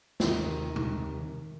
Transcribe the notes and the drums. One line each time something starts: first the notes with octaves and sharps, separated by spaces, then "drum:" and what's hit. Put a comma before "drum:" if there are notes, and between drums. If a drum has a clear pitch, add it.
D#2 C3 D#3, drum: snare
drum: tom B2